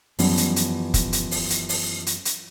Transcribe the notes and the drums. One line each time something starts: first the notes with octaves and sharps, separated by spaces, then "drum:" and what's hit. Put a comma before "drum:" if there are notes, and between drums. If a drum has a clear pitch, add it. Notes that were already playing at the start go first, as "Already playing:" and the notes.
F#2 E3 F3 G3 B3 C#4, drum: open hi-hat
drum: hi-hat
drum: hi-hat
drum: kick F1, hi-hat
drum: hi-hat
drum: open hi-hat
drum: hi-hat
drum: open hi-hat
drum: hi-hat
drum: hi-hat